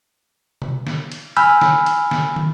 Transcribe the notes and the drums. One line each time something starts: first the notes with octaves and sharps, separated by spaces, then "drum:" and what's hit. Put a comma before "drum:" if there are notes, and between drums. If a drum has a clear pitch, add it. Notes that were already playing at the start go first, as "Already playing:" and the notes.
drum: tom
drum: snare
drum: cymbal
G#5 B5 E6 F6 G6, drum: cymbal
drum: snare
drum: cymbal
drum: snare
drum: tom